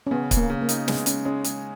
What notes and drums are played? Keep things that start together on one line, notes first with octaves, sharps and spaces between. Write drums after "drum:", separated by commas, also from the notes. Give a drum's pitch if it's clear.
C#4
C#3 B3
C#3, drum: kick C#1, hi-hat
A#3
C#3
A#3
D#4, drum: hi-hat
G#3 B3, drum: snare
G#3 C#4, drum: hi-hat
G#3 C#4
G#3, drum: hi-hat